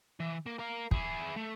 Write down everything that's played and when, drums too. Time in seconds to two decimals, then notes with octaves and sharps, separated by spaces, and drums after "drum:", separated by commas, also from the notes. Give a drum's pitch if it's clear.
0.20 E3
0.46 A#3
0.59 A#4 F5
0.91 E4 G#4, drum: kick
1.36 A3